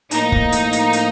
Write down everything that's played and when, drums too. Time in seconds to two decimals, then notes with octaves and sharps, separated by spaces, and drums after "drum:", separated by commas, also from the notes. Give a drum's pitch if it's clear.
0.11 A2 F3 A#3 D#4, drum: hi-hat
0.32 drum: kick
0.52 drum: hi-hat
0.73 drum: hi-hat
0.93 drum: hi-hat